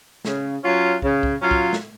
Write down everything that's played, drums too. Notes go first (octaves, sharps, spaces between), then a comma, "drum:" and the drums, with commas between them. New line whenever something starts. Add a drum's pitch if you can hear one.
C#3, drum: snare
F#3 C#4 F4
C#3, drum: kick
drum: kick
F#3 C#4 F4
drum: kick
drum: snare